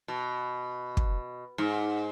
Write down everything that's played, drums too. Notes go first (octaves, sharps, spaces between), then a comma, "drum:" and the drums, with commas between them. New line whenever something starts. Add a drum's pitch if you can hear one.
B2
drum: kick
G#2